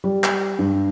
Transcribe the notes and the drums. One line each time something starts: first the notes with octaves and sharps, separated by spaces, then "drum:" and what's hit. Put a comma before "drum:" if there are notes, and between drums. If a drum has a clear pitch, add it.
G3
drum: clap
G2